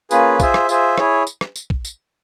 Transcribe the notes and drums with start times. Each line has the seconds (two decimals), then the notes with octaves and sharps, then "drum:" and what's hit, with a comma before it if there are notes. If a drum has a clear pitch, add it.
0.11 A#3 C#4 F4 G#4 B4, drum: tambourine
0.40 F4 G#4 C5 E5, drum: kick A#1, tambourine
0.54 drum: rim click
0.69 F4 G#4 C5 E5, drum: tambourine
0.98 E4 G#4 C#5, drum: rim click
1.27 drum: tambourine
1.41 drum: rim click
1.56 drum: tambourine
1.70 drum: kick A#1
1.85 drum: tambourine